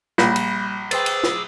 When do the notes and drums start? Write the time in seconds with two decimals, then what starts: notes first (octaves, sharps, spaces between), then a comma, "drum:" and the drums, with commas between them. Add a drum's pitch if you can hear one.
0.18 A#1 G3 B5 A#6, drum: snare
0.36 drum: cymbal
0.91 G#4 B4 C5 G5 D6 E6 A6, drum: cymbal
1.06 drum: cymbal
1.23 drum: snare